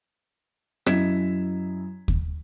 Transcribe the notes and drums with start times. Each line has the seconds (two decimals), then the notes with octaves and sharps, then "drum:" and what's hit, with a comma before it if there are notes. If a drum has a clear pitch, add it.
0.86 F#2 E4 D#5 G#6 B6 E7, drum: rim click
2.08 drum: kick